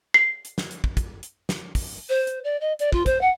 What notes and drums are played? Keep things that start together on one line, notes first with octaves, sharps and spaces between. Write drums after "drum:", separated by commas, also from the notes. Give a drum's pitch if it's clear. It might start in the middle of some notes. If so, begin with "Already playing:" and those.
C7
drum: hi-hat
drum: snare
drum: hi-hat
drum: kick
drum: kick, hi-hat
drum: hi-hat
drum: snare
drum: kick, open hi-hat
C5
drum: hi-hat
D5
D#5
D5, drum: hi-hat
F4, drum: kick
C5, drum: kick, hi-hat
F#5